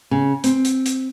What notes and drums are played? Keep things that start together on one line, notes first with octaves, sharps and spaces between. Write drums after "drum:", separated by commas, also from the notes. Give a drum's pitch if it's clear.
C#3
C4, drum: hi-hat
drum: hi-hat
drum: hi-hat